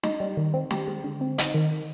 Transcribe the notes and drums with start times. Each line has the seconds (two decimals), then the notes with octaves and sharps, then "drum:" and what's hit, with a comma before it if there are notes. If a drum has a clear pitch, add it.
0.03 D#4, drum: snare
0.20 G3
0.37 D#3
0.54 C4
0.71 G4, drum: snare
0.88 G#3
1.04 D3
1.21 C4
1.38 D#4, drum: hi-hat
1.54 D#3